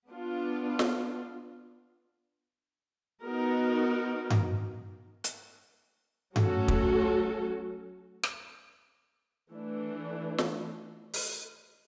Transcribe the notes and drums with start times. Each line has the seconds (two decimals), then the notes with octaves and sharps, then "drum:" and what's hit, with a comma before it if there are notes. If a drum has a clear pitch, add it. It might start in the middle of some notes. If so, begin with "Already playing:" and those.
0.10 B3 D4 F4
0.79 drum: snare
3.22 B3 D#4 F#4 A#4
4.30 drum: tom G2
5.24 drum: hi-hat
6.36 F#3 A3 C#4 F#4 A4, drum: tom G2
6.68 drum: kick
8.23 drum: rim click
9.50 E3 A3 D4
10.38 drum: snare
11.13 drum: open hi-hat